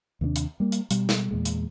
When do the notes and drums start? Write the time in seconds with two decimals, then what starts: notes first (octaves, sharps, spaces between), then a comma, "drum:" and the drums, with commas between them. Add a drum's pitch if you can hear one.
0.21 D#2 C3 A#3 D4
0.36 drum: hi-hat
0.60 G3 A#3
0.72 drum: hi-hat
0.91 B2 G3, drum: hi-hat
1.09 drum: snare
1.31 E2 A#2 G#3
1.45 drum: hi-hat